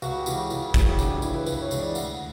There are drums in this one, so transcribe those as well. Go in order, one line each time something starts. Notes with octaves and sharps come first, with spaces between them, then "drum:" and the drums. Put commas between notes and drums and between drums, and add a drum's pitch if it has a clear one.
C#2 F#4, drum: tambourine
G4
C#3 E3, drum: tambourine
F#4
C#2 E4, drum: tambourine
E4
C#3 E3 F#4, drum: kick, tambourine
G4
C#2 D4, drum: tambourine
E4
C#3 E3 E4, drum: tambourine
B4
C#2 B4, drum: tambourine
C#5
C#3 E3, drum: tambourine
D5
D2 F#5, drum: tambourine